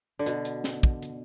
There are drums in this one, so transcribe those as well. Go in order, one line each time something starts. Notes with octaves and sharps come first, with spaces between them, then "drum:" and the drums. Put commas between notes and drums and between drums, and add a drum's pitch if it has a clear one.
D3
B2, drum: hi-hat
drum: hi-hat
drum: snare
drum: kick
drum: hi-hat